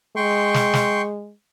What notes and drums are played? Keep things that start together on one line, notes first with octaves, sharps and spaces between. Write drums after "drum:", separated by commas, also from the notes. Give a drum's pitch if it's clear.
G#3 G5 C6 C#6
drum: snare
drum: snare